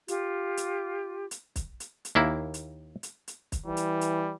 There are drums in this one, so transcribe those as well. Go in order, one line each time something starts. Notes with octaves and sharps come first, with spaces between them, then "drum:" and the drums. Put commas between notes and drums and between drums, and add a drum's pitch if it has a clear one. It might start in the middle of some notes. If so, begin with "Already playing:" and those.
F4 G4, drum: hi-hat
drum: hi-hat
drum: hi-hat
drum: kick, hi-hat
drum: hi-hat
drum: hi-hat
D#2 A#3 E4
drum: hi-hat
drum: hi-hat
drum: hi-hat
drum: kick, hi-hat
E3 G3
drum: hi-hat
drum: hi-hat